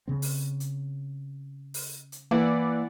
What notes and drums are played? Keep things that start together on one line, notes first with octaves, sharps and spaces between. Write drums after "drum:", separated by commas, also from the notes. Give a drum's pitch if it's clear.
C#3 C4
drum: open hi-hat
drum: hi-hat
drum: open hi-hat
drum: hi-hat
E3 A#3 E4 D5 F#5